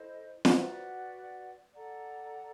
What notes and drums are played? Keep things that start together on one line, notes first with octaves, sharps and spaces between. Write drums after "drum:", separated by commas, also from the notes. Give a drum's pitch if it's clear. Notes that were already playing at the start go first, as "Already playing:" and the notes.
Already playing: E4 A4 C5 D#5
drum: snare
F#4 B4 D5 F#5
A4 D5 F#5 A#5